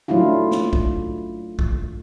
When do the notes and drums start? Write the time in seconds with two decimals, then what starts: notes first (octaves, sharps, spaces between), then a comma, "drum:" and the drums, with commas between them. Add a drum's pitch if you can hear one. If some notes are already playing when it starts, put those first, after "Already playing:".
0.08 F#3 A3 D4 E4 F4
0.51 drum: snare
0.73 drum: kick
1.59 drum: kick